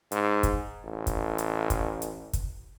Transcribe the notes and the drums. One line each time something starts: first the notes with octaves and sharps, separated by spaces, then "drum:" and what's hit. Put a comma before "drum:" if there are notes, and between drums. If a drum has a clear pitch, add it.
G#2, drum: hi-hat
drum: kick, hi-hat
A1
drum: kick, hi-hat
drum: hi-hat
drum: kick, hi-hat
drum: hi-hat
drum: kick, hi-hat